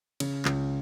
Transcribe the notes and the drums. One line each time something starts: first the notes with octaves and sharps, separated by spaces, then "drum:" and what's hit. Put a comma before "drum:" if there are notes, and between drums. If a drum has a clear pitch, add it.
C#3, drum: cymbal
C#2, drum: clap